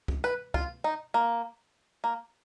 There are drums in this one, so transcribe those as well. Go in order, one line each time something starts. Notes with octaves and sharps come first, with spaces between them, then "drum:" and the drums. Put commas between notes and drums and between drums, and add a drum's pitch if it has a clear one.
drum: kick
B4
F4, drum: kick
D#4
A#3
A#3